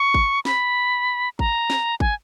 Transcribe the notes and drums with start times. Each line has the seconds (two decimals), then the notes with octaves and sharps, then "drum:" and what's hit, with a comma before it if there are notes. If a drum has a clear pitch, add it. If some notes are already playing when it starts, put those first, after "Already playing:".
Already playing: C#6
0.14 drum: kick G#1
0.45 B5, drum: snare
1.39 A#5, drum: kick G#1
1.70 drum: snare
2.00 G#5, drum: kick G#1